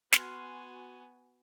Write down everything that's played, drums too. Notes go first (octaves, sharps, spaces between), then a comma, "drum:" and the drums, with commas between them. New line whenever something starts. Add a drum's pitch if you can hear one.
B3 F#4 G#5 C6 F6 F#6, drum: snare